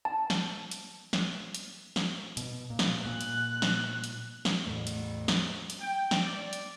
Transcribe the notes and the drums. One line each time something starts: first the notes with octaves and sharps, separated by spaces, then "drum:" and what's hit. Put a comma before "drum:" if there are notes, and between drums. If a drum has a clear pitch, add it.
A5
drum: snare
drum: hi-hat
drum: snare
drum: hi-hat
drum: snare
B2, drum: hi-hat
A#2
drum: snare
A#2 F#6
drum: hi-hat
drum: snare
drum: hi-hat
drum: snare
E2 A2 A3
drum: hi-hat
drum: snare
drum: hi-hat
G5
drum: snare
D5
drum: hi-hat